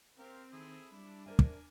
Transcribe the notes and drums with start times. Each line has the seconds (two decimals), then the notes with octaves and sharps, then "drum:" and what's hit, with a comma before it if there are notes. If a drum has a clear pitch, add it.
0.19 C4 G4 A#4 F5
0.53 D#3 E4 G#4 A4
0.92 G3 D4 E4
1.26 A#3 A#4 C5 E5 G#5
1.39 drum: kick